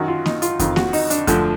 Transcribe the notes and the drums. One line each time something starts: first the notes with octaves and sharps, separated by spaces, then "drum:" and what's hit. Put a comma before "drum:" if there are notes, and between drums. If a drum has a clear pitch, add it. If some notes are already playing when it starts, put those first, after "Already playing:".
Already playing: F#2 D#3 F#4
F4
D#4, drum: snare A#3
F4, drum: hi-hat
F2 D#3 F4, drum: kick F2, hi-hat
F#4, drum: snare A#3
D#4, drum: open hi-hat
D4, drum: hi-hat
D2 D3 F3, drum: kick F2, hi-hat